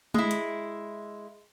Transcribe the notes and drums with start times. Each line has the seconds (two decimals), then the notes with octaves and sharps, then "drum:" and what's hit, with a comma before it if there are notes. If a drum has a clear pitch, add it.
0.14 G#3 E4, drum: tom G#3
0.31 drum: hi-hat